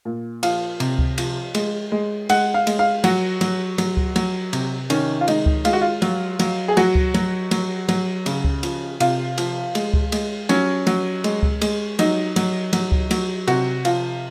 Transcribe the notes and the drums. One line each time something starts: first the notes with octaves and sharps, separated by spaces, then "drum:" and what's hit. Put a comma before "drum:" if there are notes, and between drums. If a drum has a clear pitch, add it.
A#2
F3 F5, drum: cymbal
C3, drum: cymbal
drum: kick C#2
F3, drum: cymbal
G#3, drum: cymbal
G#3
G#3 F#5, drum: cymbal
F5
G#3, drum: cymbal
F5
F#3 F#4, drum: cymbal
F#3, drum: cymbal
F#3, drum: cymbal
drum: kick C#2
F#3, drum: cymbal
C3, drum: cymbal
D#3 C#4, drum: cymbal
F4
G#3 D#4, drum: cymbal
drum: kick C#2
G#3 F4, drum: cymbal
F#4
F4
F#3, drum: cymbal
F#3, drum: cymbal
G#4
F#3 F#4, drum: cymbal
drum: kick C#2
F#3, drum: cymbal
F#3, drum: cymbal
F#3, drum: cymbal
C#3, drum: cymbal
drum: kick C#2
F3, drum: cymbal
C3 F4, drum: cymbal
F3, drum: cymbal
G#3, drum: cymbal
drum: kick C#2
G#3, drum: cymbal
F#3 C#4, drum: cymbal
F#3, drum: cymbal
G#3, drum: cymbal
drum: kick C#2
G#3, drum: cymbal
F#3 D#4, drum: cymbal
F#3, drum: cymbal
F#3, drum: cymbal
drum: kick C#2
F#3, drum: cymbal
C3 F#4, drum: cymbal
F3 F4, drum: cymbal